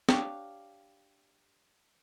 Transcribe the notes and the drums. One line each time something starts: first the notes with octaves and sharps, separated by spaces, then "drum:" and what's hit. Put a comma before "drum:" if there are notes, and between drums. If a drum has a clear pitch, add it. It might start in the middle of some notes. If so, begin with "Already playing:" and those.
D4 G4 C#5 F5, drum: snare